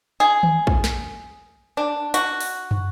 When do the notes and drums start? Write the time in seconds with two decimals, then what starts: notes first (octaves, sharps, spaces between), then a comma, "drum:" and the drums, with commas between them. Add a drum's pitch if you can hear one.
0.20 G#4
0.43 drum: tom D#3
0.67 drum: kick
0.84 drum: snare
1.77 D4
2.14 F#4, drum: hi-hat
2.41 drum: open hi-hat
2.71 drum: tom